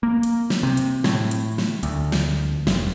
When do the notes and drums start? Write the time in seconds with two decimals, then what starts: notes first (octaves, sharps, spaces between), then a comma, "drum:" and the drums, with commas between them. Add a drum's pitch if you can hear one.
0.03 A#3
0.23 drum: hi-hat
0.50 drum: snare
0.63 C3
0.77 drum: hi-hat
1.04 A2, drum: snare
1.31 drum: hi-hat
1.58 drum: snare
1.83 D2, drum: hi-hat
2.12 drum: snare
2.67 F1, drum: snare